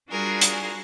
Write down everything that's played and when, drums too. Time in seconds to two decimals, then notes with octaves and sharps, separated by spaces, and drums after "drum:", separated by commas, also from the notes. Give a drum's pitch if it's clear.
0.11 G3 D4 F4 F#4 G#4 A#4
0.41 drum: hi-hat